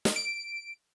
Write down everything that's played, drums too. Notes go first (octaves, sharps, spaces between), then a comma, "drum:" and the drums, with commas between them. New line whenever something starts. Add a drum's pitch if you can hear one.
drum: snare
D7